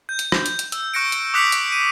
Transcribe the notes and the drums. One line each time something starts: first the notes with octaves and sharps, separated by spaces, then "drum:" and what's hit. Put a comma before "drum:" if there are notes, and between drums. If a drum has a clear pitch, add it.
G6
drum: hi-hat
drum: rim click
drum: hi-hat
drum: hi-hat
E6, drum: hi-hat
C#6 F#6 A#6 C#7 D7
drum: hi-hat
D6 D#6 F#6 B6 C#7 F7
drum: hi-hat
D#7